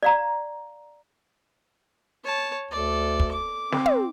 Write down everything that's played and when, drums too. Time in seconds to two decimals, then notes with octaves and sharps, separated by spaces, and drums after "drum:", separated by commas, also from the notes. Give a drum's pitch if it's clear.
0.03 D5 F5 A#5
2.24 C#5 A5
2.71 D2 A4 D5
3.20 drum: kick
3.31 D6
3.72 C4, drum: snare
3.86 drum: tom